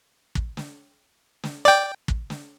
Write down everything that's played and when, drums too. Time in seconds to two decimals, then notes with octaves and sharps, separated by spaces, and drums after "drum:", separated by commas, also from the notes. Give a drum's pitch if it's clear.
0.35 drum: kick
0.57 drum: snare
1.43 drum: snare
1.65 D5 G5
2.08 drum: kick
2.30 drum: snare